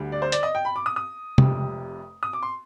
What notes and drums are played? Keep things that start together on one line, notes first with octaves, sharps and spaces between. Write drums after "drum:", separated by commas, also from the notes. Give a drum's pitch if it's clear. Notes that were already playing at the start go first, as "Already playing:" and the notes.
Already playing: D2 D3 G3
D5
C5
D5, drum: hi-hat
D#5
G5
B5
D6
D#6
D#6
F1 F2 C3, drum: tom C3
D#6
D6
C6